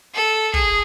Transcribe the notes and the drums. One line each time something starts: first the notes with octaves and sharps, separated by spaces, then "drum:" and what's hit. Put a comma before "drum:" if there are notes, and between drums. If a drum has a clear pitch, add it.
A4
G#4, drum: kick